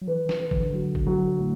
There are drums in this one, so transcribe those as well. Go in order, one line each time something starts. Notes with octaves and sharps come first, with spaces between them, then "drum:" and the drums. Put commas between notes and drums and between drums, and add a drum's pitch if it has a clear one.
F#3
E3 B4
E3, drum: snare
B4
D3, drum: kick G#1
F#3
drum: kick G#1
F#3
A2